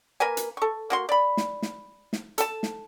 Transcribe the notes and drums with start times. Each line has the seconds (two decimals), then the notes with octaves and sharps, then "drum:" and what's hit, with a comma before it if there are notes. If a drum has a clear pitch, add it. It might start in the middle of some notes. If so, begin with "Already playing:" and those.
0.20 A#3 A#4 B4 G#5
0.37 drum: hi-hat
0.57 A4 C#6
0.90 A#3 F#4 C6
1.09 D5 B5
1.37 drum: snare
1.62 drum: snare
2.13 drum: snare
2.38 A4 A5, drum: hi-hat
2.63 drum: snare